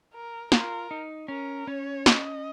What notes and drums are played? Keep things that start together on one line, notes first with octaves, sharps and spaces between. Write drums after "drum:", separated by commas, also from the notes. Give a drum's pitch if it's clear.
A#4
F4 A#4, drum: snare
D#4
C#4 A#4
C#4 C#5
D#5, drum: snare